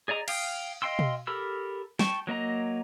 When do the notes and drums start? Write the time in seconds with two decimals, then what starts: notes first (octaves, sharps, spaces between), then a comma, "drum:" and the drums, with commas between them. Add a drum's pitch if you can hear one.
0.08 G#4 D5 D#5 A#5 D#6
0.28 F5 G5 D#6, drum: cymbal
0.82 D#5 F5 G5 C6 E6
0.99 drum: tom B2
1.27 G4 A4 A#4 B5 E6
1.99 G5 A5 C#6, drum: snare
2.27 F#3 A#3 D#5 A#5